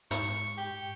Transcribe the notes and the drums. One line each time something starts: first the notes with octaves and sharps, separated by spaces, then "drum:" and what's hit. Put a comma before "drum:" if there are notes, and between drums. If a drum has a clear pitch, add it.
G#2 C#6, drum: hi-hat
G4